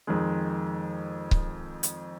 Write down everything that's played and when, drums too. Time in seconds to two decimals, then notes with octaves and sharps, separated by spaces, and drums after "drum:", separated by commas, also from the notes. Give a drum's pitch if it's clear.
0.07 F2 D#3 G#3
1.31 drum: kick C#1
1.83 drum: hi-hat